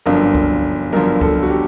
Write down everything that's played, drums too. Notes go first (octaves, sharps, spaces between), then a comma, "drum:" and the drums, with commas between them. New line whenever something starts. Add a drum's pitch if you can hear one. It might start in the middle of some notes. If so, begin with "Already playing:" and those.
G1 F#2 D3 F3 A#4
drum: kick C#2
G1 F#2 D3 F3 A#4
A4, drum: kick C#2
F#4
G4